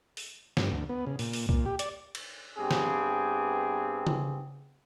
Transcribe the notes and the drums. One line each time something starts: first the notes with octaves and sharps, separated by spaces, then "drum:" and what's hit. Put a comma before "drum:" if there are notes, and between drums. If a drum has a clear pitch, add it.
drum: open hi-hat
G2, drum: snare
D2
B3
C#3
A#2, drum: open hi-hat
drum: open hi-hat
A#2, drum: kick
G4
D5, drum: hi-hat
drum: cymbal
G2 B3 C4 G4 G#4
drum: snare
drum: tom C#3